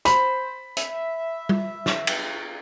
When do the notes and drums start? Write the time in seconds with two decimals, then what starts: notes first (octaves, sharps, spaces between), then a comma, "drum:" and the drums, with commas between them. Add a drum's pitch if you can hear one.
0.05 C5 B5, drum: hi-hat
0.77 E5, drum: hi-hat
1.49 drum: tom G3
1.86 drum: snare
2.07 drum: cymbal